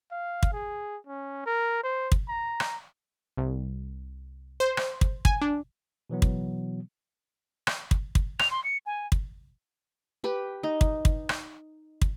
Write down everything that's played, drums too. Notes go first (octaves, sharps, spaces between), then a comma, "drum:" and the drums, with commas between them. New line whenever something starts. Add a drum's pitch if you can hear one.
F5
drum: kick
G#4
C#4
A#4
C5
drum: kick
A#5
drum: rim click
C2
C5
drum: rim click
drum: kick
G#5, drum: kick
D4
B2 E3 F#3 B3
drum: kick
drum: rim click
drum: kick
drum: kick
F7, drum: rim click
C6
C#7
G#5
drum: kick
G4 B4
D#4
drum: kick
drum: kick
drum: rim click
drum: kick